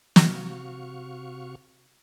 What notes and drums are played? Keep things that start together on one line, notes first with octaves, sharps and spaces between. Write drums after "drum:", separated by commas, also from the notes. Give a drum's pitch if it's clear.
C3 F#4 F5 C#6, drum: snare